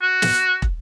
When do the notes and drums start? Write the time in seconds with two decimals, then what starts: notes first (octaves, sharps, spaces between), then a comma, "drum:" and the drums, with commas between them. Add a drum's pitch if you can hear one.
0.02 F#4
0.22 drum: snare
0.62 drum: kick